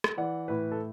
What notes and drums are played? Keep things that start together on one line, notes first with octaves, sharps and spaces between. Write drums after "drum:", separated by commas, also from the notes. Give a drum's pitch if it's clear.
drum: rim click
E3 D5 F#5
A2 B4
A4